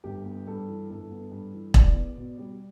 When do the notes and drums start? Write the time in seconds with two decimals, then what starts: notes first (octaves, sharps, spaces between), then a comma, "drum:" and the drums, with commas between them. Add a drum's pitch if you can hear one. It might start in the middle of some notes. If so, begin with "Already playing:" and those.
0.04 G1 G4
0.25 B3
0.47 G2 A4
0.68 E3
0.90 G1 A4
1.11 B3
1.31 G2
1.53 E3
1.74 E2 D5, drum: kick E1
1.95 B3
2.17 B2
2.38 G3